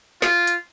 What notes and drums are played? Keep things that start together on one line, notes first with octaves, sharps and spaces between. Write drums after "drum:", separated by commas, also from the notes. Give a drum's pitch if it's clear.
F4, drum: snare
drum: hi-hat